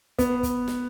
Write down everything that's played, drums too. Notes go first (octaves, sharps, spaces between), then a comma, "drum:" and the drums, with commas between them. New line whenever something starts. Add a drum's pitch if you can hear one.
B3, drum: kick, hi-hat
drum: kick, hi-hat
drum: snare